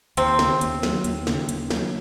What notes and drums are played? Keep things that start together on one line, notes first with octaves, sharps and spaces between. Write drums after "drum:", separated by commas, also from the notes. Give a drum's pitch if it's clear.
D#2 C3 C4, drum: hi-hat
C#3, drum: snare
D#2, drum: hi-hat
F#3, drum: snare
D#2, drum: hi-hat
C#3, drum: snare
D#2, drum: hi-hat
F#3, drum: snare